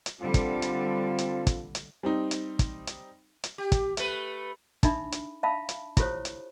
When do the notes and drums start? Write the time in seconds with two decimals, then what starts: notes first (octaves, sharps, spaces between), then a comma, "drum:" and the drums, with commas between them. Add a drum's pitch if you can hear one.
0.06 drum: hi-hat
0.21 D3 G3 C4 F4 A4
0.34 drum: kick, hi-hat
0.62 drum: hi-hat
1.18 drum: hi-hat
1.47 drum: kick, hi-hat
1.75 drum: hi-hat
2.03 G3 C4 D#4
2.31 drum: hi-hat
2.59 drum: kick, hi-hat
2.87 drum: hi-hat
3.44 drum: hi-hat
3.58 G4
3.72 drum: kick, hi-hat
3.97 A3 B4, drum: hi-hat
4.83 D4 D#4 A4 E5 B5, drum: kick, hi-hat
5.12 drum: hi-hat
5.43 E5 F5 A5 B5
5.69 drum: hi-hat
5.97 E4 F4 G4 A4 C5 C#5, drum: kick, hi-hat
6.25 drum: hi-hat